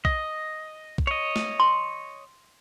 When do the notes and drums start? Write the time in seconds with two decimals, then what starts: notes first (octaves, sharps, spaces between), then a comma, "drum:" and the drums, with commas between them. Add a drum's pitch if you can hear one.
0.05 D#5, drum: kick
0.98 drum: kick
1.07 C#5 D#5
1.36 drum: snare
1.60 C6